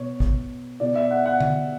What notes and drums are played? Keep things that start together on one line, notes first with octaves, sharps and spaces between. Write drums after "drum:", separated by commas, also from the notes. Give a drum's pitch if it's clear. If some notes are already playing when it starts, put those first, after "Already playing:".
Already playing: B2 C#5
drum: kick G#1
B2 D5
E5
F#5
F#5
drum: tom D3